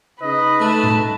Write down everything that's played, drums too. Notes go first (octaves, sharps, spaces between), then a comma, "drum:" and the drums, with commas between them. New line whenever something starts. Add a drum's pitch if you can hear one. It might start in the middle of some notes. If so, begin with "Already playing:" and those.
C#3 D#4 B4 D#5
A3 A5
drum: tom A2